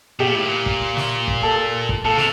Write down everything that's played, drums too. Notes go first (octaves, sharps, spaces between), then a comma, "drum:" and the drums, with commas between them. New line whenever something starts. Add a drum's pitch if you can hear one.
B2 G4
A#2
A2
A#2
drum: kick
drum: snare
drum: kick
A4
drum: kick
A#2 A4
C3, drum: snare